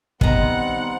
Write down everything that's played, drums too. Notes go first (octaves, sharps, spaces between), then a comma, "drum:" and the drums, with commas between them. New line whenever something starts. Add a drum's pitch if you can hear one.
D#3 G3 B3 C4 F#5 A#5, drum: kick